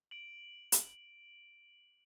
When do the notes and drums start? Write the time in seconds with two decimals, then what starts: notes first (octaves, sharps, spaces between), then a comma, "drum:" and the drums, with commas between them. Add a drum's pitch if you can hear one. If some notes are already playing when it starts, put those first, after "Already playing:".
0.11 D7 F#7
0.72 drum: hi-hat